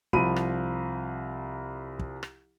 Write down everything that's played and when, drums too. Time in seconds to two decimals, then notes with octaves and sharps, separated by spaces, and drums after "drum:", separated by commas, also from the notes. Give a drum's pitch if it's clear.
0.13 C2 F3 B5 D#7, drum: kick
0.36 drum: rim click
1.99 drum: kick
2.23 drum: rim click